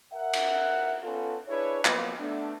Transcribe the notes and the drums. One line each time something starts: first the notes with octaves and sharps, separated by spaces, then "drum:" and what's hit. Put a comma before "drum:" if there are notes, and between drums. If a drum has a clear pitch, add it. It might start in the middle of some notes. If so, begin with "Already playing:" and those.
A#4 E5 F#5
drum: cymbal
B3 C#4 F4 A4
D4 E4 G#4 B4 C#5
F3 F#3 A#3 B3, drum: clap
A3 B3 D4